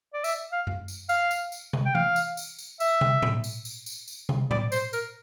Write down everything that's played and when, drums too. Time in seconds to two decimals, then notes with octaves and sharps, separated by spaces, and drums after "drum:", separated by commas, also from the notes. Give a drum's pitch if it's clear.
0.14 D5
0.24 E5, drum: tambourine
0.52 F5
0.67 drum: tom F#2
0.88 drum: tambourine
1.09 F5, drum: tambourine
1.31 drum: tambourine
1.52 drum: tambourine
1.73 drum: tom
1.85 G5
1.95 F5, drum: tom E3
2.16 drum: tambourine
2.37 drum: tambourine
2.59 drum: tambourine
2.80 E5, drum: tambourine
3.01 drum: tom
3.22 drum: tom A2
3.44 drum: tambourine
3.65 drum: tambourine
3.86 drum: tambourine
4.08 drum: tambourine
4.29 drum: tom
4.51 D5, drum: tom A2
4.72 C5, drum: tambourine
4.93 A#4, drum: tambourine